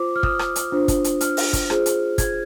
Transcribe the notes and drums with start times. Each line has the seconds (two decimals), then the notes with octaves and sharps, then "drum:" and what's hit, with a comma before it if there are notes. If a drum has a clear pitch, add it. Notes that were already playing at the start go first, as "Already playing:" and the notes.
Already playing: F4 C5 D6
0.16 F6
0.23 D#6, drum: kick
0.39 drum: rim click
0.56 drum: hi-hat
0.72 D4 F4 C5
0.88 drum: kick, hi-hat
1.04 drum: hi-hat
1.21 F6, drum: hi-hat
1.37 drum: open hi-hat
1.53 drum: kick, hi-hat
1.70 F4 G#4 C5, drum: rim click
1.86 drum: hi-hat
2.18 G#6, drum: kick, hi-hat